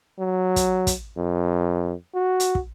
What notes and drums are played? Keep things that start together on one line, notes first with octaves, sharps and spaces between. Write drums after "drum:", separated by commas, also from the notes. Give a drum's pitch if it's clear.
F#3
drum: kick, hi-hat
drum: kick, hi-hat
F2
F#4
drum: hi-hat
drum: kick